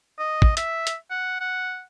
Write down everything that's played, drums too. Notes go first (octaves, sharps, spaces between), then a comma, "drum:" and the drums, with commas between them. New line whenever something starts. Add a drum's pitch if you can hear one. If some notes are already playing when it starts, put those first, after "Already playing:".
D#5
drum: kick
E5, drum: hi-hat
drum: hi-hat
F#5
F#5